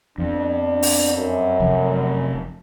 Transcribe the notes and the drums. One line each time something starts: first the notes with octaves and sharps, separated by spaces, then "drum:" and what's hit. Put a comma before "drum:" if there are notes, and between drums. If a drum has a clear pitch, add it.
F2 B3 D4
drum: open hi-hat
F#2
F1 F2